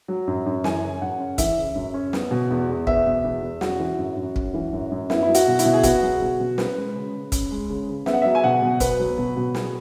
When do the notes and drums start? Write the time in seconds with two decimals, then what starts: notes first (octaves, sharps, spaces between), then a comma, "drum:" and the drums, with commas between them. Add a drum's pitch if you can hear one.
0.08 F#3
0.27 F#2
0.46 F#2
0.64 E3 G#5, drum: snare
0.83 C#3
1.02 F#2 F#5
1.20 C#4
1.38 E3 E5, drum: kick, hi-hat
1.57 C#3
1.75 F#2
1.94 C#4
2.13 B3, drum: snare
2.31 B2
2.51 E2
2.69 E2
2.87 B3 E5, drum: kick
3.06 B2
3.24 E2
3.42 E2
3.61 C#4 F#4, drum: snare
3.79 E3
3.99 F#2
4.16 F#2
4.36 C#4, drum: kick
4.54 E3
4.73 F#2
4.91 F#2
5.10 B3 E4, drum: snare
5.23 E4
5.28 F#3
5.35 F#4, drum: hi-hat
5.47 B2
5.59 E4, drum: hi-hat
5.65 B2
5.73 G#4
5.83 B3 F#4, drum: kick, hi-hat
6.02 F#3
6.21 B2
6.40 B2
6.58 C#4 B4, drum: snare
6.77 G#3
6.95 C#3
7.14 C#3
7.32 C#4, drum: kick, hi-hat
7.51 G#3
7.70 C#3
7.89 C#3
8.06 B3 E5, drum: snare
8.13 F#5
8.22 F#3 E5
8.35 G#5
8.44 B2 F#5
8.62 B2
8.80 B3 B4, drum: kick, hi-hat
9.00 F#3
9.18 B2
9.36 B2
9.55 B3 G#4, drum: snare